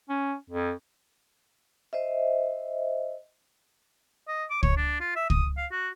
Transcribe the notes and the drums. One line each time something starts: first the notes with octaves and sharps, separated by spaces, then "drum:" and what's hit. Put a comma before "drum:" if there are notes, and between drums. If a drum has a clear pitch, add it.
C#4
F2
C5 D#5 E5
D#5
D6
C#5, drum: kick
D4
F4
E5
D#6, drum: kick
F5
F#4